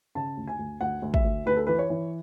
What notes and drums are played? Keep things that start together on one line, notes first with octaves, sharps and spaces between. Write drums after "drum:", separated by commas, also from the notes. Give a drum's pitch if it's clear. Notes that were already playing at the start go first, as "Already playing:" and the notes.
C#3 A5
D2
G#5
D2
D2 F#5
D2
E5, drum: kick
D2
D2 B4
A4
E3 B4
C#5
E3